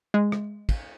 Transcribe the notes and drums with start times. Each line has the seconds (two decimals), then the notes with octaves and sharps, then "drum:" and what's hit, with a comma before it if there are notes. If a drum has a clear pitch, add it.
0.14 G#3
0.32 drum: rim click
0.69 drum: kick, cymbal